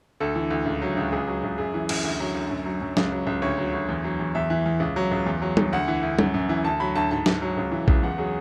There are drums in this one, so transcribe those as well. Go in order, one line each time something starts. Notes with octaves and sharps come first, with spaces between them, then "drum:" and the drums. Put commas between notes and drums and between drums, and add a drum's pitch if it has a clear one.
D2 A4
E3
D2
C#2
F#3
C#2
C#2 G#4
F#3
C#2
F#2 G#4
E3
F#2, drum: cymbal
D2
F#3
D2
F#2
F#3
F#2
C#2, drum: snare
F#3
C#2
D2 C#5
F#3
D2
E2
F#3
E2
E2 E5
E3
E2
C#2
F#3
C#2
E2
F#3
E2, drum: tom G3
D2 F#5
E3
D2
F#2, drum: tom G3
F#2
E3
D2 A5
F#3 B5
D2 A5
G#2 A5
G#2, drum: snare
F#3
C#2
E3
C#2, drum: kick A#1
E2 F#5
F#3 G#4